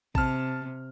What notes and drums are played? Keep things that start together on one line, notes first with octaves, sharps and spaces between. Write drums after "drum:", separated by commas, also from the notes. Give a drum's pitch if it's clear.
C3 A5 F6, drum: kick A1